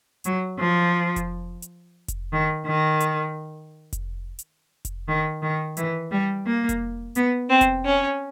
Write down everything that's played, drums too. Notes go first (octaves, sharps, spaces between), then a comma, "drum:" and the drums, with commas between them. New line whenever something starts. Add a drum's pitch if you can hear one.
F#3, drum: hi-hat
F3
drum: kick F1, hi-hat
drum: hi-hat
drum: kick F1, hi-hat
D#3
D#3
drum: hi-hat
drum: kick F1, hi-hat
drum: hi-hat
drum: kick F1, hi-hat
D#3
D#3
E3, drum: hi-hat
G3
A#3
drum: kick F1, hi-hat
B3, drum: hi-hat
C4
drum: kick F1, hi-hat
C#4